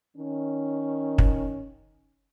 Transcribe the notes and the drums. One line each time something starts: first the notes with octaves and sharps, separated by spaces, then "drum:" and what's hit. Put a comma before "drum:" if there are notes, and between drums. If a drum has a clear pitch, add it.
D#3 C#4
drum: kick